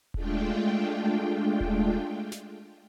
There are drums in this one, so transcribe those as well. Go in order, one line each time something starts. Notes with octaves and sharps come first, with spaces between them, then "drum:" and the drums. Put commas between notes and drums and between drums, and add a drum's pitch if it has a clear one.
G#3 A3 D4 F4 G5, drum: kick D#1
drum: kick D#1
drum: snare